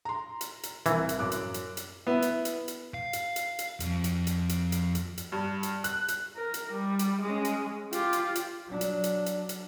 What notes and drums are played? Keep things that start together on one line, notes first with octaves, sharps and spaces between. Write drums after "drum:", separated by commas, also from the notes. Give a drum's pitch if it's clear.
A#5 C6
drum: hi-hat
drum: hi-hat
C2 E3 A#4, drum: hi-hat
drum: hi-hat
F#2 D6 F#6
drum: hi-hat
drum: hi-hat
drum: hi-hat
B3 E4
drum: hi-hat
drum: hi-hat
drum: hi-hat
F5
drum: hi-hat
drum: hi-hat
drum: hi-hat
F2, drum: hi-hat
drum: hi-hat
drum: hi-hat
drum: hi-hat
drum: hi-hat
drum: hi-hat
drum: hi-hat
G2
drum: hi-hat
F#6, drum: hi-hat
drum: hi-hat
A#4
drum: hi-hat
G3
drum: hi-hat
G#3 C#4
drum: hi-hat
F4 G4, drum: hi-hat
drum: hi-hat
drum: hi-hat
F#3 D4
drum: hi-hat
drum: hi-hat
drum: hi-hat
drum: hi-hat